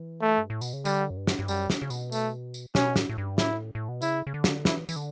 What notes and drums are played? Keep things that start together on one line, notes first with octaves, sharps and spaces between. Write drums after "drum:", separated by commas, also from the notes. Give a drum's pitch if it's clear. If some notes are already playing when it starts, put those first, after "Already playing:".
Already playing: E3
A3
G2
A2
B2, drum: tambourine
C#3
D3 G3, drum: tambourine
F#2
G2
drum: snare
G2
F#2 G3, drum: tambourine
drum: snare
C#3
B2, drum: tambourine
A3, drum: tambourine
drum: tambourine
B2 C#4, drum: snare
A2, drum: snare
A2
G2
A2 E4, drum: snare
A2
B2
C#3 E4, drum: tambourine
C#3
D3
drum: snare
E3 E4, drum: snare
E3, drum: tambourine
D3